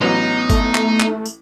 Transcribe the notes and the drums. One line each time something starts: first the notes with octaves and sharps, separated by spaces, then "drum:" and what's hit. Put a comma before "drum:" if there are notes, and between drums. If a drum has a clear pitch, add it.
A1 F#3 B3 D#4 B4
A3, drum: kick G1, tambourine
drum: clap
drum: clap
drum: tambourine